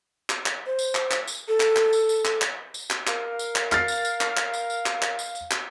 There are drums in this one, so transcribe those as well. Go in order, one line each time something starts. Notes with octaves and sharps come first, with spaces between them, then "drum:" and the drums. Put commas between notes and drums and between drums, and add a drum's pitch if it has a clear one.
drum: clap
drum: clap
C5
drum: tambourine
drum: clap
drum: clap
drum: tambourine
A4
drum: clap
drum: clap
drum: tambourine
drum: tambourine
drum: clap
drum: clap
drum: tambourine
drum: clap
A#4 F5, drum: clap
drum: tambourine
drum: clap
F6 A6 C7, drum: clap
drum: tambourine
drum: tambourine
drum: clap
drum: clap
drum: tambourine
drum: tambourine
drum: clap
drum: clap
drum: tambourine
drum: tambourine
drum: clap